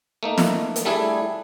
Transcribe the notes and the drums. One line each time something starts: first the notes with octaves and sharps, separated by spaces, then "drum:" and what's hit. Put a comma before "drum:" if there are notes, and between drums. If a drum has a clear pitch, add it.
A3 A#3 D#4
drum: snare
drum: hi-hat
G3 A3 D4 E4 G#4